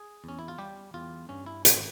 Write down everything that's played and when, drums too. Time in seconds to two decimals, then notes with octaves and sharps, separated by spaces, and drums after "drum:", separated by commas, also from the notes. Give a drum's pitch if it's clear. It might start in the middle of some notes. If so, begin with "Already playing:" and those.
Already playing: G#4
0.24 E2 C#4
0.39 E4
0.48 F4
0.58 G3 G4
0.94 E2 F4
1.29 G2 C#4
1.46 E4
1.65 G#1 C4, drum: hi-hat